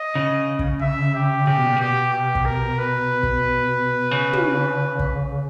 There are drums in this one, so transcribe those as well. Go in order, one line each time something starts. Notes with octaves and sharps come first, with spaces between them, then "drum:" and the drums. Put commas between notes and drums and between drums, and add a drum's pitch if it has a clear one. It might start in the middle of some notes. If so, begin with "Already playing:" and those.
Already playing: D#5
C#3
drum: kick
E5
G4
C#3 G4
B2
A#2
B2 G4
G4
drum: kick
A#4
B4
drum: kick
C#3
drum: tom
drum: kick